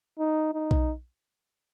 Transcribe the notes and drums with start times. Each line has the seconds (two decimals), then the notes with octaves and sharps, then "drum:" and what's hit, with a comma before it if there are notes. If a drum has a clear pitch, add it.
0.19 D#4
0.54 D#4
0.71 drum: kick B1